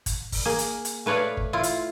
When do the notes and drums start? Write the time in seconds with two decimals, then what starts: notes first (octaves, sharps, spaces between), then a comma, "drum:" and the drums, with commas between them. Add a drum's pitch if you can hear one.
0.06 drum: kick, hi-hat
0.32 drum: kick, open hi-hat
0.45 A#3 G#4
0.59 drum: hi-hat
0.85 drum: hi-hat
1.06 A3 B4 C#5 D5 F5
1.37 drum: kick
1.53 E4 F4
1.63 drum: hi-hat